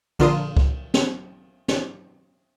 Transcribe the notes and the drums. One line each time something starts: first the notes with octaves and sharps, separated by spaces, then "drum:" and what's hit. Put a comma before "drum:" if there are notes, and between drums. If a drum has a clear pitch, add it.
A#1 D3 F4 A#4 D#6, drum: cymbal
drum: kick C#2
drum: snare
drum: snare